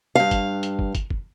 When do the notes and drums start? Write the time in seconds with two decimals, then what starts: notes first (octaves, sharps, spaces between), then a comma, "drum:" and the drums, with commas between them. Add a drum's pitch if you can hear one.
0.15 G2 F5
0.31 drum: kick, hi-hat
0.63 drum: hi-hat
0.79 drum: kick
0.95 drum: kick, hi-hat
1.10 drum: kick